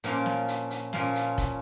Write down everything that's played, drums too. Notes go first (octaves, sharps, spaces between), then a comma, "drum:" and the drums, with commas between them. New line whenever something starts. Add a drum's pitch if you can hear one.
A#2 F3 A#3 C#4 F4, drum: hi-hat
drum: snare
drum: hi-hat
drum: hi-hat
A#2 F3 A#3 C#4 F4, drum: snare
drum: hi-hat
drum: kick F1, hi-hat